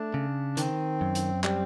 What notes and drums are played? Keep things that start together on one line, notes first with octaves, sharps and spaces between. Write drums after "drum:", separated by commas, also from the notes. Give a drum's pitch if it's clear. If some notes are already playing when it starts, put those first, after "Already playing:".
Already playing: A3 D4
C#3
D#3 C4, drum: hi-hat
F#2
drum: hi-hat
G3 C4, drum: clap